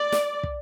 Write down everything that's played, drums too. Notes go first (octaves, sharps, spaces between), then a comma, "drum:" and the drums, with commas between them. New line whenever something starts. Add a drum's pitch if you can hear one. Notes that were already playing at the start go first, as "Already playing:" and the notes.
Already playing: D5
drum: snare
drum: kick